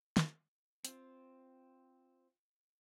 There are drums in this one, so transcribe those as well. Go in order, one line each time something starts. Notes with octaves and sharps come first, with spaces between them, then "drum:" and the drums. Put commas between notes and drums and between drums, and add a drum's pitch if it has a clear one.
drum: snare
C4 F4, drum: hi-hat